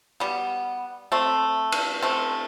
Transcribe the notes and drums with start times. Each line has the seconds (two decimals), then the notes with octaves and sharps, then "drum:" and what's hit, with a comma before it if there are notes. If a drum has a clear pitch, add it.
0.20 G3 B3
1.12 A3 C4
1.72 drum: cymbal
2.03 A3 C4